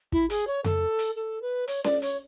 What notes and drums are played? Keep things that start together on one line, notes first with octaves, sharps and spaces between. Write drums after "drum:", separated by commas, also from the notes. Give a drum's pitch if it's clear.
E4, drum: kick
G#4, drum: hi-hat
C#5
A4, drum: tom F2
drum: hi-hat
A4
B4
C#5, drum: hi-hat
D5, drum: snare C#4
C#5, drum: hi-hat